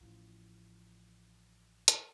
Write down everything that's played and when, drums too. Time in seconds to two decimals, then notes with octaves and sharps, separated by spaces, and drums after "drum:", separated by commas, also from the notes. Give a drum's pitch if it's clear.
0.01 A1 F3
1.88 drum: hi-hat